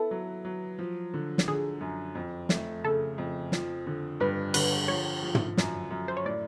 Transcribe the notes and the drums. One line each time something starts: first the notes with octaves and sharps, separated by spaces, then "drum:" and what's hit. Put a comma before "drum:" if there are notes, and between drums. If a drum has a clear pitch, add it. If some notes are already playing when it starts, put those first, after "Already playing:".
Already playing: B3 E4 A4 B4
F#3
F#3
F3
D3
drum: snare
D3 G#4
F#2
F2
A3, drum: snare
C#3 A4
F2
F3, drum: snare
D3
G2 B4
D3 B4, drum: cymbal
F3 C#5
F3
drum: tom
F#2, drum: snare
F#2
C5
C#5
A2 D5